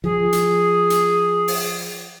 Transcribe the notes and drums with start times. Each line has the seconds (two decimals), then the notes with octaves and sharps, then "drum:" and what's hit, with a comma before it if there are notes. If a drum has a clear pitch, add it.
0.04 F3 G#4
0.33 drum: hi-hat
0.90 drum: hi-hat
1.48 drum: open hi-hat